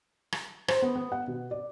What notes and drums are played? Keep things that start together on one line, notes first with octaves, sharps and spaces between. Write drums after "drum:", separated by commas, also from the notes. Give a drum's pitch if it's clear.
drum: rim click
C5, drum: rim click
B3
B3
F#5
B2
D5